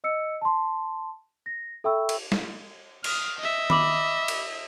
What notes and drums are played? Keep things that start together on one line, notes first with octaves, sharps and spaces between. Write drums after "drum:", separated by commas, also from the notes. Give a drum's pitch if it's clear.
D#5 E6 C#7
A5 C6
A#6
A4 E5 G5 B5 C#6 E6
drum: cymbal
drum: snare
D#6 F6, drum: cymbal
D#5 E5
B5 D6 F#7, drum: tom D#3
drum: cymbal